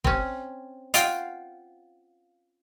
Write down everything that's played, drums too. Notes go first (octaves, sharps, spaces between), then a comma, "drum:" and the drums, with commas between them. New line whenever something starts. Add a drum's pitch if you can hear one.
C4 C#4, drum: kick
F4 F#4 F5 G5, drum: hi-hat